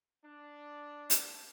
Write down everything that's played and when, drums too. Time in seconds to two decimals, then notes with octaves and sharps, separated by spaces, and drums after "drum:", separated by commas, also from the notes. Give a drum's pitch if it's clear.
0.25 D4
1.10 drum: hi-hat